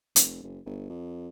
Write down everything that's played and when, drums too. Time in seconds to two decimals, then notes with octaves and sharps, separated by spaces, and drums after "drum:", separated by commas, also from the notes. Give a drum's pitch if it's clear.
0.16 F1, drum: hi-hat
0.43 F#1
0.66 G1
0.89 F2